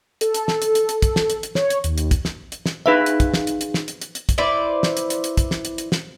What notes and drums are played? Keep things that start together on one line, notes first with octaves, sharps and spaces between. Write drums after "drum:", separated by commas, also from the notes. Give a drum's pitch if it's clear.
A4, drum: hi-hat
drum: hi-hat
drum: snare
drum: hi-hat
drum: hi-hat
drum: hi-hat
drum: kick, hi-hat
drum: snare
drum: hi-hat
drum: hi-hat
C#5, drum: snare
drum: hi-hat
D#2, drum: hi-hat
drum: hi-hat
drum: kick, hi-hat
drum: snare
drum: hi-hat
drum: snare
D#4 G#4 B4 E5 F5
drum: hi-hat
drum: kick, hi-hat
drum: snare
drum: hi-hat
drum: hi-hat
drum: snare
drum: hi-hat
drum: hi-hat
drum: hi-hat
drum: kick, hi-hat
E4 B4 C5 D5
drum: snare
drum: hi-hat
drum: hi-hat
drum: hi-hat
drum: kick, hi-hat
drum: snare
drum: hi-hat
drum: hi-hat
drum: snare